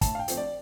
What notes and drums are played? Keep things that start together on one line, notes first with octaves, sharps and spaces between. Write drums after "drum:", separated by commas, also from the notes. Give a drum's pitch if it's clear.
A2 A5, drum: kick, hi-hat
F5
G5
F3 A3 C4, drum: hi-hat
D5